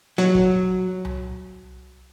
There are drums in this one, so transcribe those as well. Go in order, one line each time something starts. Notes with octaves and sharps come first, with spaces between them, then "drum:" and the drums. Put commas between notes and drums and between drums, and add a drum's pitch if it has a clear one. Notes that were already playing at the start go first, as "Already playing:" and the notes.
F#3, drum: hi-hat
drum: kick
drum: tom C2